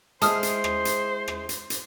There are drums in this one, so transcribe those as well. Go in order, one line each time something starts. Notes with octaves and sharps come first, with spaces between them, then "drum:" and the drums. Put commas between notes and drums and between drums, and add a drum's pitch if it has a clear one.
G#3 E4 G#4 C5 A5 D#6 F6, drum: hi-hat
drum: hi-hat
drum: rim click
drum: hi-hat
drum: rim click
drum: hi-hat
drum: hi-hat